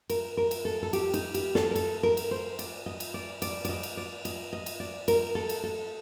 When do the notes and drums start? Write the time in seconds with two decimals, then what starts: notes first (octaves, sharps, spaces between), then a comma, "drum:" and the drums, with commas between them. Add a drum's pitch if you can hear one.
0.10 A#4, drum: cymbal
0.37 A#4
0.51 drum: cymbal
0.65 A4
0.83 A4
0.93 G4, drum: cymbal
1.14 D#4, drum: cymbal
1.34 G4, drum: cymbal
1.55 A4, drum: snare
1.71 A#4
1.76 A4, drum: cymbal
2.03 A#4
2.17 drum: cymbal
2.31 C5
2.59 D5, drum: cymbal
2.86 D#5
3.00 drum: cymbal
3.14 D5
3.42 D5, drum: cymbal
3.65 D5, drum: cymbal
3.69 D#5
3.83 drum: cymbal
3.97 D5
4.25 D#5, drum: cymbal
4.53 D#5
4.66 drum: cymbal
4.80 D5
5.08 A#4, drum: cymbal
5.35 A4
5.49 drum: cymbal
5.63 A4